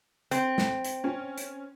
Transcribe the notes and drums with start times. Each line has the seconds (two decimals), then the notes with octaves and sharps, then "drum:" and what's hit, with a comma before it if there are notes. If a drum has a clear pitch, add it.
0.31 C4, drum: hi-hat
0.58 drum: snare
0.84 drum: hi-hat
1.04 C#4
1.37 drum: hi-hat